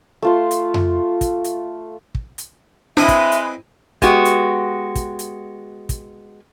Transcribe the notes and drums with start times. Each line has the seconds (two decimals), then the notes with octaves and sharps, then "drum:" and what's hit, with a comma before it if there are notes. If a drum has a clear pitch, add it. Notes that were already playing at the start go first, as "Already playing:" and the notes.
0.22 A3 F4 C6
0.51 drum: hi-hat
0.74 drum: tom F2
1.21 drum: kick, hi-hat
1.44 drum: hi-hat
2.15 drum: kick
2.38 drum: hi-hat
2.97 G#3 C4 D4 E4 B4 D#5 E5
3.08 drum: kick, hi-hat
3.32 drum: hi-hat
4.02 G#3 B3 F#4 G4, drum: kick, hi-hat
4.25 drum: hi-hat
4.95 drum: kick, hi-hat
5.19 drum: hi-hat
5.89 drum: kick, hi-hat